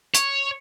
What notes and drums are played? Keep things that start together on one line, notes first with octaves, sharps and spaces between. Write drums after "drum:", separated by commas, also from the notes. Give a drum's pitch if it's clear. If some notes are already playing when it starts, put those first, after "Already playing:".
C#5, drum: hi-hat